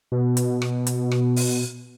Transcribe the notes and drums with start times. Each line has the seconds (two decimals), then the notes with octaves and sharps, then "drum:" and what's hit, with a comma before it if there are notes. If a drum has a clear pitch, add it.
0.12 B2
0.37 drum: hi-hat
0.62 drum: rim click
0.87 drum: hi-hat
1.11 drum: rim click
1.36 drum: open hi-hat